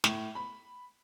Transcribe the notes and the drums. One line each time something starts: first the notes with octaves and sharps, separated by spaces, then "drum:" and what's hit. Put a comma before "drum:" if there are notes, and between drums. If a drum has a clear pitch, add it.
A2, drum: snare
B5